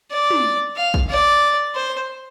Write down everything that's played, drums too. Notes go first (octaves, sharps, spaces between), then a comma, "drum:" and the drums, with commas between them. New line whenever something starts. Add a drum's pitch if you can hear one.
D5
drum: tom
F5
drum: kick
D5
C5